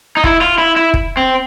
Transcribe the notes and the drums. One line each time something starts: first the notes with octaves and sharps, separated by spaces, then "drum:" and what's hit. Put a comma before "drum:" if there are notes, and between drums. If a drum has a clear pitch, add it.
D#4
E4, drum: kick
F4
E4
E4
drum: kick
C4